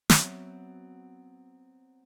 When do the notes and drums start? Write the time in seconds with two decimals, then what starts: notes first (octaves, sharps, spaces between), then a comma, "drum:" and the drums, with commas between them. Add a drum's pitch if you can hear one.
0.10 F#3 B3 C4 F#4 C5 E5, drum: snare